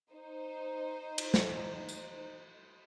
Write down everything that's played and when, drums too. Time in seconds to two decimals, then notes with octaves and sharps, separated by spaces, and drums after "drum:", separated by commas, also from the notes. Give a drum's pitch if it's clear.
0.13 D#4 C5
1.18 drum: cymbal
1.34 drum: snare
1.89 drum: tambourine